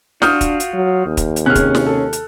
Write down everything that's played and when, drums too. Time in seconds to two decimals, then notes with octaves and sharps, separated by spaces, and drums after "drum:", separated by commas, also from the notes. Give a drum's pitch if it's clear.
0.22 D4 F4 F#4 D#6 F6 G6, drum: snare
0.41 drum: kick, hi-hat
0.60 drum: hi-hat
0.73 F#3
1.06 D#2
1.17 drum: kick, hi-hat
1.36 drum: hi-hat
1.46 C3 C#4 G#4 F6 F#6
1.55 drum: kick, hi-hat
1.75 drum: snare
1.86 A4
2.13 drum: hi-hat